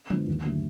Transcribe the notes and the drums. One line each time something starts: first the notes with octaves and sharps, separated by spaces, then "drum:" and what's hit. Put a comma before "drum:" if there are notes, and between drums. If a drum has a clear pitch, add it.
D3 F3 G#3 B3, drum: tom F3
D#2
D3 F#3 A3